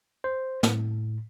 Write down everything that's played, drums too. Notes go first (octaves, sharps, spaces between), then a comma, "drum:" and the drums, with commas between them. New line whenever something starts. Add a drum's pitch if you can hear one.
C5
A2, drum: snare